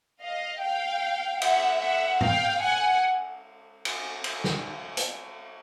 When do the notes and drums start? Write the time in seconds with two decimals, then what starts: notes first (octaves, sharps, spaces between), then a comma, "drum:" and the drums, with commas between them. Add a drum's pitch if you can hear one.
0.21 D#5 F5
0.61 F5 G5
1.42 E5 F#5, drum: cymbal
1.81 E5 F#5
2.21 F5 G5, drum: tom G#2
2.61 F#5 G#5
3.85 drum: cymbal
4.24 drum: cymbal
4.44 drum: snare
4.97 drum: hi-hat